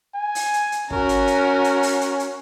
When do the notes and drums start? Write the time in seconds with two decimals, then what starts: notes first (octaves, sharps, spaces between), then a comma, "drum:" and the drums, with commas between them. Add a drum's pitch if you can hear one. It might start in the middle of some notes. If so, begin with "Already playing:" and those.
0.15 G#5
0.35 drum: open hi-hat
0.54 drum: hi-hat
0.72 drum: hi-hat
0.90 C#4 F#4 A#4, drum: kick
1.09 drum: hi-hat
1.27 drum: hi-hat
1.64 drum: hi-hat
1.83 drum: open hi-hat
2.01 drum: hi-hat
2.20 drum: hi-hat